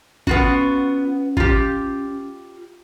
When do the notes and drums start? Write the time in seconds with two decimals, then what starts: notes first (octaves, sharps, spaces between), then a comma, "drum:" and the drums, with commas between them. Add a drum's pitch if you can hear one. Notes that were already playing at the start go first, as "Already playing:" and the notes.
0.27 B3 C#4 F4 F#4, drum: kick
1.37 F4 G4, drum: kick